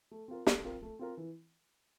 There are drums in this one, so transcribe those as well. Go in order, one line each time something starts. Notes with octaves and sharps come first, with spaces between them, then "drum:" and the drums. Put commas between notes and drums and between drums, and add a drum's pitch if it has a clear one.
A3
C4 F4 A#4
A3, drum: snare
C4 F4 A#4
A3
C4 F4 A#4
E3